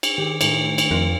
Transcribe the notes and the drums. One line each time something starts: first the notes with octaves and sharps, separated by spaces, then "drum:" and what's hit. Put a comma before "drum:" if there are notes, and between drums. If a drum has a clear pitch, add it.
drum: cymbal
D#3 G4 G#4
A2 D#3 A3, drum: cymbal
drum: cymbal
F2 F4 A#4